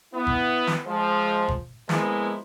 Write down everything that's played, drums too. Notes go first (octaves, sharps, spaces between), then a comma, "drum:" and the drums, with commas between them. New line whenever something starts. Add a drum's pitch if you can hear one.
B3 E4
drum: kick G1
drum: snare
F3 G#3 C5
drum: kick G1
F3 G#3 A#3 B3 E4 B4, drum: snare